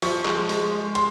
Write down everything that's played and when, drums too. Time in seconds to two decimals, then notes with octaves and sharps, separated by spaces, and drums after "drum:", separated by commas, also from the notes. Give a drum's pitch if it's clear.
0.02 F3 C#6, drum: open hi-hat
0.25 G#3, drum: clap
0.49 G#3, drum: open hi-hat
0.71 G#3
0.95 C6, drum: hi-hat